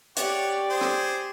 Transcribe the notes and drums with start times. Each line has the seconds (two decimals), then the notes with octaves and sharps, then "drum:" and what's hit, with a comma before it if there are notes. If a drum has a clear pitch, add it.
0.17 G4 C#5 D5 F#5, drum: hi-hat
0.70 G#4 C5
0.81 drum: rim click